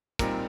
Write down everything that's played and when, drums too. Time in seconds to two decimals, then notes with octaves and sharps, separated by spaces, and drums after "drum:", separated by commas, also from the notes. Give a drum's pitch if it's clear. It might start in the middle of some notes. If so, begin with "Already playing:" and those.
0.19 A#2 G3 C4 D#4 A#4, drum: kick, hi-hat